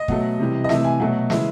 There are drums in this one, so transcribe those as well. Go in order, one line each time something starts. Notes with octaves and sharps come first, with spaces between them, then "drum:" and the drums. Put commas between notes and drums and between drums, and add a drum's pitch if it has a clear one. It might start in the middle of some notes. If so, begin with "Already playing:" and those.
Already playing: D#5
B2 F#3 A3, drum: kick
C3 E3 G3
D#5
C3 E3 A3 E5, drum: snare
G#5
B2 F#3 A3
C#3 E3 G#3 E5, drum: snare